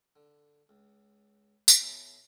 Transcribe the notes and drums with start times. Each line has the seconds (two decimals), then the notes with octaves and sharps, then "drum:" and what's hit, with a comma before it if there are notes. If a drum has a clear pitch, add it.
0.16 D3
0.69 C#2
1.68 drum: tambourine
1.80 B2 C#4 E4 A4